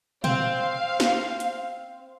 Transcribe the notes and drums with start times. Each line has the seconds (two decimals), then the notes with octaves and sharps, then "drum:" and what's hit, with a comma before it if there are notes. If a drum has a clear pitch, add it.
0.24 C4 F5, drum: tom
1.00 drum: snare
1.40 drum: hi-hat